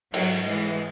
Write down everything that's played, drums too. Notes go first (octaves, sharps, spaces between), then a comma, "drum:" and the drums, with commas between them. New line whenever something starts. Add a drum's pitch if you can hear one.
G#2 E3 F#3, drum: cymbal
E3 G#3